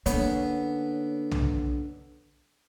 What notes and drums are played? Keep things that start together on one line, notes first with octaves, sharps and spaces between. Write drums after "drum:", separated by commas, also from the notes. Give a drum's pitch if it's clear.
D3 A#3 B3 C#4 C#5, drum: hi-hat
drum: tom B1